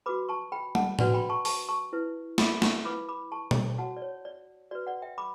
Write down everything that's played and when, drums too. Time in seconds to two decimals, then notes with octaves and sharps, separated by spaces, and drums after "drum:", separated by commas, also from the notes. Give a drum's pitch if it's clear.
0.06 F#4 B4 B5 D6
0.29 A5 C#6
0.52 G5 B5
0.75 F#5 A5, drum: tom G3
0.99 D4 F#4 B4 D5 F#5, drum: tom A2
1.14 G5 B5
1.29 A5 C#6
1.45 A5 C#6, drum: open hi-hat
1.69 A5 C#6
1.93 E4 B4
2.38 B5 D6, drum: snare
2.62 A5 C#6, drum: snare
2.85 E4 B4 B5 D6
3.09 B5 D6
3.32 A5 C#6
3.51 drum: tom
3.78 F#4 C#5 F#5 A5
3.97 D5
4.02 C#5
4.25 D5
4.71 F#4 B4 D5
4.87 D5 F#5
5.02 E5 G5
5.18 B5 D6